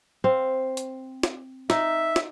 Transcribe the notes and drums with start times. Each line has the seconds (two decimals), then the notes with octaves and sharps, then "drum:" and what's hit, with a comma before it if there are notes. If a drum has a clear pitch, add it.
0.24 C4 F5
0.77 drum: hi-hat
1.23 drum: snare
1.70 D#4 E5, drum: snare
2.16 drum: snare